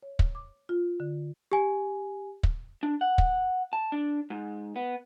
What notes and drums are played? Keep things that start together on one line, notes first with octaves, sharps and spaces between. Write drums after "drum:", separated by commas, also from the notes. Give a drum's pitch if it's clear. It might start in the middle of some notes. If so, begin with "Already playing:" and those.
C#5
drum: kick
D6
F4
D3
G4 G#5
drum: kick
D4
F#5
drum: kick
A5
D4
G#2
B3